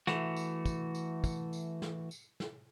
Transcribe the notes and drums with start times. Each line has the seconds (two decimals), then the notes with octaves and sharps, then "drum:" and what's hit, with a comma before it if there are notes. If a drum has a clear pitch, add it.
0.07 E3 A3 F#4, drum: snare
0.36 drum: tambourine
0.66 drum: kick, tambourine
0.95 drum: tambourine
1.24 drum: kick, tambourine
1.53 drum: tambourine
1.82 drum: snare
2.11 drum: tambourine
2.40 drum: snare